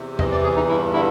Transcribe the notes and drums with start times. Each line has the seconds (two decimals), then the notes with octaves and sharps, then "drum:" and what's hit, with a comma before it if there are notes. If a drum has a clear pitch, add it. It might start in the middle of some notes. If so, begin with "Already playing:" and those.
Already playing: E2 C3
0.19 E3 D#5, drum: tom E2
0.31 D5
0.43 E2 G#4
0.56 D#4
0.69 G2 E4
0.93 D3 E4